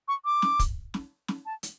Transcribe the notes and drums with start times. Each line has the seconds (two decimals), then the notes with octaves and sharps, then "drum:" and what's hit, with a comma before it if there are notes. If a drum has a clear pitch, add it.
0.08 C#6
0.25 D6
0.42 drum: snare
0.59 drum: kick, hi-hat
0.94 drum: snare
1.28 drum: snare
1.46 A5
1.63 drum: hi-hat